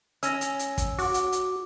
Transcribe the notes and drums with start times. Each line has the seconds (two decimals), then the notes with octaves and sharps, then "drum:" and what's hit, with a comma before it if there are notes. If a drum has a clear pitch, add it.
0.23 C#4 E6 A#6, drum: hi-hat
0.41 drum: hi-hat
0.59 drum: hi-hat
0.78 drum: kick, hi-hat
0.99 F#4 D6, drum: open hi-hat
1.14 drum: hi-hat
1.32 drum: hi-hat